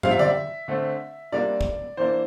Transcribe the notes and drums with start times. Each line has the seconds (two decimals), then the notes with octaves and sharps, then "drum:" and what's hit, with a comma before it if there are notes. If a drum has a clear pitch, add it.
0.03 C3 G3 C4 F5, drum: tom
0.11 E5
0.19 D5, drum: tom D3
0.28 E5
0.68 D3 A3 C4
1.32 C3 G3 A#3 D4 D5
1.61 drum: kick
1.97 E3 A#3 D4 C5